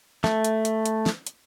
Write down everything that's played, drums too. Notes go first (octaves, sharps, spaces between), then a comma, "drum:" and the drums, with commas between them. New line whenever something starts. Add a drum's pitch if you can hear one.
A3, drum: snare
drum: hi-hat
drum: hi-hat
drum: hi-hat
drum: snare
drum: hi-hat